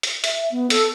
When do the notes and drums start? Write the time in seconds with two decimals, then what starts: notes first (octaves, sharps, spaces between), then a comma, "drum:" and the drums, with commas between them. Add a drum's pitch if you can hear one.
0.03 drum: hi-hat
0.24 E5, drum: hi-hat
0.51 B3
0.70 A4, drum: hi-hat